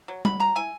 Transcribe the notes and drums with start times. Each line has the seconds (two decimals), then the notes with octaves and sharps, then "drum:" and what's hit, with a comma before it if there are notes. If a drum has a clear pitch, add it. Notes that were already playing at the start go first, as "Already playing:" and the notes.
0.08 F#3
0.25 F#3 B5, drum: tom G3
0.40 F#3 A#5
0.55 E4 G#5